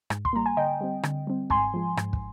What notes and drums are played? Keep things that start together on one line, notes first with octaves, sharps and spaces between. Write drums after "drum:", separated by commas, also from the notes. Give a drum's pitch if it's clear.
G#2, drum: rim click
C6, drum: kick
G3 A#3 A#5
G#5
D3 D#5 G5
G3 C4
D3, drum: rim click
G3 C4
G#2 G#5 C6, drum: kick
F3 G#3
G#2, drum: rim click
drum: kick